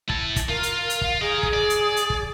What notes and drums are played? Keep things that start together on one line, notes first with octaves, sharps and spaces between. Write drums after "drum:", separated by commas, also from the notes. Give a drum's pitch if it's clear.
E4 A5, drum: kick
drum: kick, hi-hat
F4 A#4
drum: hi-hat
drum: hi-hat
F5, drum: kick
G#4 A#4 D#5
drum: kick
D5
drum: hi-hat
drum: hi-hat
drum: kick